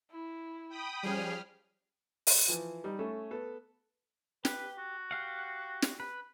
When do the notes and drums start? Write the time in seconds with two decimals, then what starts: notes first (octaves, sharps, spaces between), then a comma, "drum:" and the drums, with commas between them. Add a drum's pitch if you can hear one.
0.10 E4
0.69 G5 B5 D#6
1.03 F3 G3 C#4 G#4 F6
2.27 drum: open hi-hat
2.48 E3 F3
2.84 G3 D#4
2.99 A3 C#4 A4
3.31 B3 A4
4.45 G4 B4, drum: snare
4.78 F#4
5.11 G4 F5 F#5
5.82 drum: snare
6.00 B4